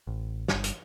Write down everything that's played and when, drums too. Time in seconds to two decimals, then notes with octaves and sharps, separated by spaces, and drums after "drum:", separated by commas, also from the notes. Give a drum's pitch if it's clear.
0.07 A1
0.48 G1 G2, drum: snare
0.64 drum: hi-hat